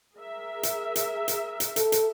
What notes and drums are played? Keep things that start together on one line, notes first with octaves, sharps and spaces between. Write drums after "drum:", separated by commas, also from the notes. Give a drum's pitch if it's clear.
G#4 A#4 E5
drum: hi-hat
drum: hi-hat
drum: hi-hat
drum: hi-hat
A4, drum: hi-hat
drum: hi-hat